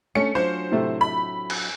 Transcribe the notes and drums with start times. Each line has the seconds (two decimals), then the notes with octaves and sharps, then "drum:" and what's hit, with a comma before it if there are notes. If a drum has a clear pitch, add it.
0.15 A3 C#4 D4 C#7
0.35 F#3 D4 F4 C5
0.71 A2 C3 A3
1.01 B5
1.50 drum: cymbal